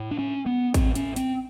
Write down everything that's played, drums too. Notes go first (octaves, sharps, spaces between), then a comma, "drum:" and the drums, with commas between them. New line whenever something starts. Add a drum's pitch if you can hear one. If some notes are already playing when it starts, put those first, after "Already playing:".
Already playing: A2
D4
C#4
B3
A2 C4, drum: kick A1, hi-hat
C#4, drum: hi-hat
C4, drum: hi-hat